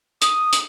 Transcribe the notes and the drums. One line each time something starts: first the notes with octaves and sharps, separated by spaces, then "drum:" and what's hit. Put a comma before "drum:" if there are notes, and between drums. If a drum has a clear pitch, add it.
D#6, drum: hi-hat
drum: hi-hat